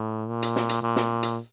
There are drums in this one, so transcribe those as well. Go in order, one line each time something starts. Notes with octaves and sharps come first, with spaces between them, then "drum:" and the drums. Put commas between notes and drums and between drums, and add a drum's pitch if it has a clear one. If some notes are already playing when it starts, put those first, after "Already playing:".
Already playing: A2
A#2
drum: hi-hat
drum: snare
drum: hi-hat
A#2
drum: snare
drum: hi-hat